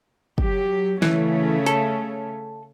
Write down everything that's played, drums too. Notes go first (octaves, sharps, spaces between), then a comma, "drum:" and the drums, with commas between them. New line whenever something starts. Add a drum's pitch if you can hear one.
F#3 G4, drum: kick
C#3 E3 A3 C#4, drum: snare
A4, drum: hi-hat